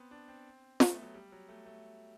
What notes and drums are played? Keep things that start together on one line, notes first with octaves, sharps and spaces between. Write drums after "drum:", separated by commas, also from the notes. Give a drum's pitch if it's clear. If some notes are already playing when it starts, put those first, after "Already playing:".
Already playing: B3 C4
D4
C4
B3, drum: snare
A3
F#3
G3
F#3
A3
A3